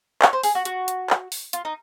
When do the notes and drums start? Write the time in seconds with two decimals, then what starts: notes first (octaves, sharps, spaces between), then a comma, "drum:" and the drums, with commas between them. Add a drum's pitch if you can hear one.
0.22 C#5, drum: clap
0.33 C5
0.43 G#4, drum: open hi-hat
0.55 F#4
0.65 F#4, drum: hi-hat
0.88 drum: hi-hat
1.10 drum: clap
1.32 drum: open hi-hat
1.53 F4, drum: hi-hat
1.65 D#4